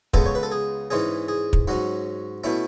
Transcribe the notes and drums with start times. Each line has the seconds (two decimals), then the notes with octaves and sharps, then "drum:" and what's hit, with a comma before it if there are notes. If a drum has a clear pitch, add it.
0.14 C#2 C#3 G#3 B3 A4, drum: kick
0.26 C#5
0.35 B4
0.43 A4
0.52 G#4
0.90 G#2 E3 G#3 C#4 G#4
1.28 G#4
1.53 drum: kick
1.68 G#2 F#3 C#4 F#4
2.44 B2 A3 C#4 E4